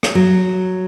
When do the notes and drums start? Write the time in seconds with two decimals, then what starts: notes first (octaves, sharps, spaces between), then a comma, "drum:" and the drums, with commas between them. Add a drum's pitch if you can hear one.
0.03 drum: rim click
0.15 F#3